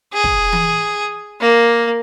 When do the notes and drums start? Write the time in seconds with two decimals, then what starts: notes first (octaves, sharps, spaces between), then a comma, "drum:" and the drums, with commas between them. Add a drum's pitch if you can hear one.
0.13 G#4
0.24 drum: kick
0.53 drum: tom E3
1.41 A#3